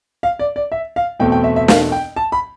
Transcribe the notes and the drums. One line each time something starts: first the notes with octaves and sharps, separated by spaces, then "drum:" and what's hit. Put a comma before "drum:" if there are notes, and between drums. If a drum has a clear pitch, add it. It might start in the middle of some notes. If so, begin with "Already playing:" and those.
F5
D5
D5
E5
F5
E2 B2 A3 C4 G5
G5
E5
E5
F5, drum: snare
G5
A5
B5